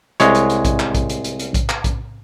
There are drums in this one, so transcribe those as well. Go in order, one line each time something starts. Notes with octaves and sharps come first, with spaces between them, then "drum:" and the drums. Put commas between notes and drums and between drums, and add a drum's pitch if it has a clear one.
C2 G#3 C#5, drum: hi-hat
drum: hi-hat
drum: hi-hat
drum: kick A#1, hi-hat
drum: clap
drum: kick A#1, hi-hat
drum: hi-hat
drum: hi-hat
drum: hi-hat
drum: kick A#1, hi-hat
drum: clap
drum: kick A#1, hi-hat